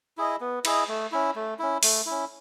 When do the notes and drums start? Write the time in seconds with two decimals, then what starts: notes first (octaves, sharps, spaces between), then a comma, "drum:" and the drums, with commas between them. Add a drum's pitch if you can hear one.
0.17 E4 G#4 D#5
0.40 B3
0.65 E4 G#4 D#5, drum: cymbal
0.88 A3
1.12 C#4 E4
1.35 A3
1.59 C#4 E4
1.83 A3, drum: open hi-hat
2.06 C#4 E4